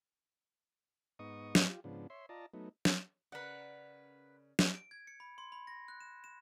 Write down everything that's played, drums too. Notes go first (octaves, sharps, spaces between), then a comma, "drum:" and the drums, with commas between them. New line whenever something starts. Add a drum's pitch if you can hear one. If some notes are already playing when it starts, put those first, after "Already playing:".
G#2 B3 D#4 D#5 C#6 D#6
drum: snare
F4 G4
G#2 C#3 F3 B3 D4
C#5 E5 C6
F4 D5 D#5 A5 A#5
F#3 A3 B3 D#4
drum: snare
C#3 A#4 B4 D5 F#5
drum: snare
D7
G#6
C#7
B5
C6
B5
A#6
F#6
E7
E7